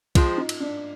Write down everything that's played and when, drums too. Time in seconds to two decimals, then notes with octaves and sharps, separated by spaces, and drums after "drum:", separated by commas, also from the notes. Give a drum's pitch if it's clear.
0.15 F3 G#3 C4 F4, drum: kick, cymbal
0.38 D#4
0.49 drum: cymbal
0.60 D4